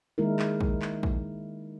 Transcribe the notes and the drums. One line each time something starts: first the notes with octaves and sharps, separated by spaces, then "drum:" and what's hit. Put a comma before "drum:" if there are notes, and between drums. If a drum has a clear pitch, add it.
D#3 G#3 A#3 D#4 E4 A#4
drum: clap
drum: kick
drum: clap
drum: kick